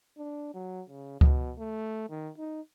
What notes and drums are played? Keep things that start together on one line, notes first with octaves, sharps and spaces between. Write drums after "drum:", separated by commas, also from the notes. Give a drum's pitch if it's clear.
D4
F#3
C#3
B2, drum: kick C#2
A3
D#3
D#4